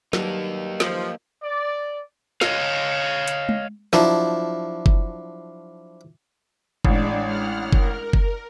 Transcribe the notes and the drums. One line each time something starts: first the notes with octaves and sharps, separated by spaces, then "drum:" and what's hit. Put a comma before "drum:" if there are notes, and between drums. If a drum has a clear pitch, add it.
G2 F#3 A#3 D#4 A5, drum: snare
F3, drum: snare
D5
C#5 D#5 F5, drum: snare
drum: hi-hat
drum: tom G#3
F3 F#3 D4 E4, drum: snare
drum: kick F#1
A1 G#3 D4 D5, drum: kick F#1
F#5 F6
A#4, drum: kick F#1
drum: kick F#1